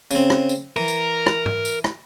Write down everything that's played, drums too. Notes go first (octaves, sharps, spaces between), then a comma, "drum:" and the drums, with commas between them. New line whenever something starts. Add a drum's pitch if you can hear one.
C#3 C4, drum: tambourine
drum: rim click
drum: tambourine
E3 A#4
drum: tambourine
drum: rim click
drum: tom G#2
drum: tambourine
drum: rim click